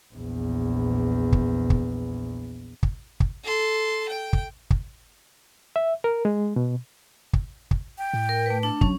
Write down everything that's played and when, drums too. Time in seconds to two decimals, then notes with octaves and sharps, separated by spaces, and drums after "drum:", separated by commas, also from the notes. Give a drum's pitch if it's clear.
0.14 A#1 E2
1.32 drum: kick
1.70 drum: kick
2.83 drum: kick
3.20 drum: kick
3.44 A4 C6
4.08 G5
4.33 drum: kick
4.70 drum: kick
5.76 E5
6.04 A#4
6.25 G#3
6.56 B2
7.33 drum: kick
7.71 drum: kick
7.98 G5
8.13 A2
8.29 A#4
8.46 A3 B4
8.63 D4 A5
8.81 F#3 C#4, drum: kick